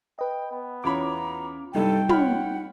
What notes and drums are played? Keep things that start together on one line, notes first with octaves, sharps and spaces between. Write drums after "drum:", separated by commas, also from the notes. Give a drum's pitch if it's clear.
B4 D#5 G5
B3
E2 C#4 F4 C#5 A#5 B5 D6
C2 G2 G3 D#4 A4 G5
C#5 F#5 B5 F6, drum: tom